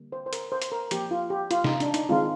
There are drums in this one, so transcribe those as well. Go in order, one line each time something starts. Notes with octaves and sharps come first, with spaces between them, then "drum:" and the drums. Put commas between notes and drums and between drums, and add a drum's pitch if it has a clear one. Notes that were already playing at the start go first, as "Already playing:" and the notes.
Already playing: D3 G3 A#3
C5
C5
A#4, drum: hi-hat
C5
drum: hi-hat
A#4
F3 A#3 G4, drum: hi-hat
F4
G4
F4, drum: hi-hat
D#4, drum: snare
D4, drum: hi-hat
D#4, drum: hi-hat
D#3 G#3 C4 F4